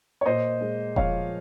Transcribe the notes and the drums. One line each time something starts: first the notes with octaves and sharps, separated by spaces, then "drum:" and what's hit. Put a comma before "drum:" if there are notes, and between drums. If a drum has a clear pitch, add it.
C#5
A#2 C5 D#5
G#3
F3 C#5 F5, drum: kick E1